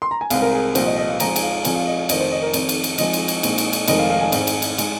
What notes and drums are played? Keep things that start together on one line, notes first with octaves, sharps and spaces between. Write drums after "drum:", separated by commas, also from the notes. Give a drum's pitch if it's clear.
C6
A#5
G#5
C2 C3 G#3 C4 F5, drum: cymbal
A#4
G#4
C2 A#2 F3 C5, drum: cymbal
D#5
D#5
F5
F2 F3 G#3 C4 A#5, drum: cymbal
G#5, drum: cymbal
F5
F2 F3 G#3 C4 G#5, drum: cymbal
F5
D#5
F5
F1 F2 D#3 C4 D#5, drum: cymbal
C5
D#5
A#4
F2 D#3 C4, drum: cymbal
drum: cymbal
drum: cymbal
F2 F3 G#3 C4 D#5, drum: cymbal
drum: cymbal
drum: cymbal
A#1 A#2 G#3 C4, drum: cymbal
drum: cymbal
drum: cymbal
F1 F2 D#3 G#3 C4 D#5, drum: cymbal
F5
F5
G#5
G#2 G#3 C4, drum: cymbal
drum: cymbal
drum: cymbal
G#3, drum: cymbal